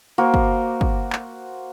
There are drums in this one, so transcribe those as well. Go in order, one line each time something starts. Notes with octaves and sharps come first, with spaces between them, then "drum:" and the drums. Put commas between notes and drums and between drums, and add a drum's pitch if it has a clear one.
A#3 F#4 C5
drum: kick
drum: kick
drum: clap